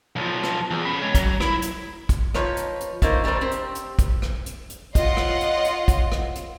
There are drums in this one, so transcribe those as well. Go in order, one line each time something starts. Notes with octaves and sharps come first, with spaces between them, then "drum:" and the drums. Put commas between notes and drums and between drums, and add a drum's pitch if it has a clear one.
B1 F3
drum: rim click
E2
C#4 B5
G#3 C#5
F#3, drum: kick, hi-hat
E4, drum: rim click
drum: hi-hat
drum: kick, hi-hat
F3 D#4 B4 C#5, drum: rim click
drum: hi-hat
drum: hi-hat
A3 A#3 D#4 C5, drum: kick, hi-hat
G3 A3 A4 A#4 C5
C4 G4
drum: hi-hat
drum: hi-hat
drum: kick, hi-hat
drum: rim click
drum: hi-hat
drum: hi-hat
F4 C#5 D#5 F#5 C6, drum: kick, hi-hat
drum: rim click
drum: hi-hat
drum: hi-hat
drum: kick, hi-hat
drum: rim click
drum: hi-hat